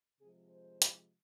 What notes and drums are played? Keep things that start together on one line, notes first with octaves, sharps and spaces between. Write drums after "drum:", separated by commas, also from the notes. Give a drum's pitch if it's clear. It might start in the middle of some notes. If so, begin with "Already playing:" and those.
C3 F3 G#3 G#4
C5
drum: hi-hat